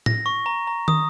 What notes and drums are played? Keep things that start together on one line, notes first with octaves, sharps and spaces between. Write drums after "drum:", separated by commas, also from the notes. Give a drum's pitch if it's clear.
A#6, drum: tom A2
C#6
A#5
A#5
D#6, drum: tom